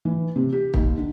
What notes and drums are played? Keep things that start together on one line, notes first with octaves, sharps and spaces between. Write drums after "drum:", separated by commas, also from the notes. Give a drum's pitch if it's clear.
E3
C3
G4
D#2, drum: kick
D3